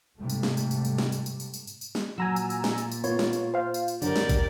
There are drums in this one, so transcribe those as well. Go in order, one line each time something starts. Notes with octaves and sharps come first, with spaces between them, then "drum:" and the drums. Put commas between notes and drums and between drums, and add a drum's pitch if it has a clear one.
G#2 C3 G3 A3
drum: tambourine
drum: snare
drum: tambourine
drum: tambourine
drum: tambourine
drum: snare
drum: tambourine
drum: tambourine
drum: tambourine
drum: tambourine
drum: tambourine
drum: tambourine
drum: snare
A#2 F#3 G#5 A#5 E6
drum: tambourine
drum: tambourine
drum: snare
drum: tambourine
drum: tambourine
A#3 B3 F4 C#5, drum: tambourine
drum: snare
drum: tambourine
C5 F5
drum: tambourine
drum: tambourine
F#2 D3 G4 A#4 D5, drum: tambourine
drum: snare
drum: kick, tambourine